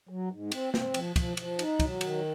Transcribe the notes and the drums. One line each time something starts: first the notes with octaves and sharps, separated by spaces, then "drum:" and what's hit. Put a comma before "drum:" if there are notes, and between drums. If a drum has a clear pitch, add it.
F#3
G#2
C4, drum: cymbal
C4, drum: snare
F3, drum: cymbal
F3, drum: kick, cymbal
F3, drum: cymbal
D#4, drum: cymbal
F#3, drum: kick, cymbal
D#3, drum: cymbal